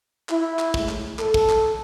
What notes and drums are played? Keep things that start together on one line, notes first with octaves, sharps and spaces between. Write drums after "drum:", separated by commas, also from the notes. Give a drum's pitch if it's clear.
E4, drum: clap
drum: clap
A2 G#3, drum: kick
drum: clap
A4, drum: clap
drum: kick
drum: clap